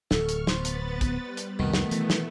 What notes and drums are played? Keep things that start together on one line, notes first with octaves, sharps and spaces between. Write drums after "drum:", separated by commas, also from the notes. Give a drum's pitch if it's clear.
D1 A4 C#6 F6, drum: snare
drum: hi-hat
B3 B4 C5 A6, drum: snare
drum: hi-hat
drum: kick, hi-hat
G3
drum: hi-hat
C2 F2 B2 D#3 A3 B3
drum: snare
E3, drum: hi-hat
drum: snare